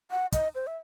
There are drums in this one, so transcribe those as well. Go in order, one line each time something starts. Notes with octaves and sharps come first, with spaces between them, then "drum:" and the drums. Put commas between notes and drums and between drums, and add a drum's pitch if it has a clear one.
F#5
D#5, drum: kick, hi-hat
C5
E5